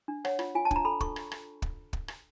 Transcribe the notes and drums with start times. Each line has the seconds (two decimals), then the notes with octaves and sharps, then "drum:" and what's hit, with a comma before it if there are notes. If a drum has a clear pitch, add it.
0.08 D4
0.25 C#5 F#5, drum: rim click
0.39 F4, drum: rim click
0.55 F4 G#5
0.65 A5
0.71 D4, drum: kick
0.76 A#5
0.85 A4 B5
1.00 A4 C#6, drum: kick
1.16 drum: rim click
1.31 drum: rim click
1.62 drum: kick
1.93 drum: kick
2.08 drum: rim click